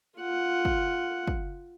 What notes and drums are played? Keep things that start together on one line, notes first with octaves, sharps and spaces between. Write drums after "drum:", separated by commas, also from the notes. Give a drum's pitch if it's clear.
F4 F#5
drum: kick
drum: kick